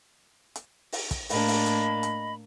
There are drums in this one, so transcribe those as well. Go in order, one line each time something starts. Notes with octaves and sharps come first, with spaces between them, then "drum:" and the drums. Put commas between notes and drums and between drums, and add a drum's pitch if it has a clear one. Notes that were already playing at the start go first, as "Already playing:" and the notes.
drum: hi-hat
drum: open hi-hat
drum: kick, hi-hat
A2 A#3 D4 D#5 B5, drum: open hi-hat
drum: open hi-hat
drum: hi-hat
drum: hi-hat